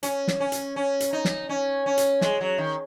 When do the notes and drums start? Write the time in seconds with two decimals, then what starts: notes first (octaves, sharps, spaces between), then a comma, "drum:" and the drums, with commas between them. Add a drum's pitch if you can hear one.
0.03 C#4, drum: hi-hat
0.28 drum: snare
0.40 C#4
0.52 drum: hi-hat
0.76 C#4
1.00 drum: hi-hat
1.13 D#4
1.25 drum: snare
1.49 C#4
1.86 C#4
1.98 drum: hi-hat
2.21 G#3, drum: snare
2.40 F#3
2.58 D#3